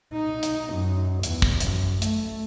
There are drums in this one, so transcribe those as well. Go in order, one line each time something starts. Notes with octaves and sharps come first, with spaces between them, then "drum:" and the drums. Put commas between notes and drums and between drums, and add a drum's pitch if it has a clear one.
D#4
drum: hi-hat
F#2
E2, drum: hi-hat
drum: kick
F#2, drum: hi-hat
A3, drum: hi-hat